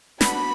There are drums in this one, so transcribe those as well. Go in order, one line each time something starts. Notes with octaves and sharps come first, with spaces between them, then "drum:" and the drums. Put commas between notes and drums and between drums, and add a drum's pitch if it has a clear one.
B3 D4 F#4 B5, drum: snare